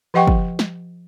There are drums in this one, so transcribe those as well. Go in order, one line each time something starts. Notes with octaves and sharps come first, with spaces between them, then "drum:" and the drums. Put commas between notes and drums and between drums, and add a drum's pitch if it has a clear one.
F3 G4 D#5 F#5 G5 C#6
drum: kick
drum: snare